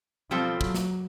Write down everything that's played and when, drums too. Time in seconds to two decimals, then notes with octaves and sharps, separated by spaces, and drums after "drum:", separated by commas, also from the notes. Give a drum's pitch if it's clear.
0.31 B2 F3 G3 C4 F4 A4
0.61 F#3, drum: kick
0.75 drum: snare